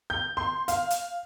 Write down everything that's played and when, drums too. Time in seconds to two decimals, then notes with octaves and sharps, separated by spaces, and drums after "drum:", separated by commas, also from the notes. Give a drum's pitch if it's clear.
0.10 G6
0.37 C6
0.68 F5, drum: hi-hat
0.90 drum: hi-hat